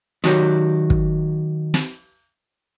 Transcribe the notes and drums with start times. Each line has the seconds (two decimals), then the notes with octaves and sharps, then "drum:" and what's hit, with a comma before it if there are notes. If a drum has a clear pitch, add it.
0.24 D#3 F#3 F#4 G4, drum: snare
0.90 drum: kick
1.74 drum: snare